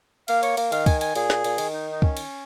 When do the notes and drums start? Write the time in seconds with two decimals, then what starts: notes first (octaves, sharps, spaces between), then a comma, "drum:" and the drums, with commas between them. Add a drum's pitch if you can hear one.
0.28 A#3 F5, drum: cymbal
0.43 C#5, drum: cymbal
0.57 A#3, drum: cymbal
0.72 D#3 F5, drum: cymbal
0.86 G#5, drum: kick, cymbal
1.01 G#5, drum: cymbal
1.15 A#2 G#4, drum: cymbal
1.30 drum: snare
1.44 A#2, drum: cymbal
1.58 D#3, drum: cymbal
1.73 D#4
1.91 D#4
2.02 C#4, drum: kick
2.17 drum: cymbal